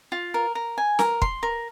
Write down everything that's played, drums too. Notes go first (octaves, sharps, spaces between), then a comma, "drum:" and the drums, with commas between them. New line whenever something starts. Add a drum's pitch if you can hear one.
F4
A#4
A#4
G#5
A#4, drum: snare
C6, drum: kick
A#4